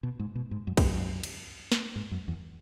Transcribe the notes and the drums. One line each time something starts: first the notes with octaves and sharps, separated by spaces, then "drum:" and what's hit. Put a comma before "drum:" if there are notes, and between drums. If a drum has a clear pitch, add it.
B2
G#2
B2
G#2
F#2
E2, drum: kick, cymbal
F#2
drum: cymbal
drum: snare
G#2
F#2
E2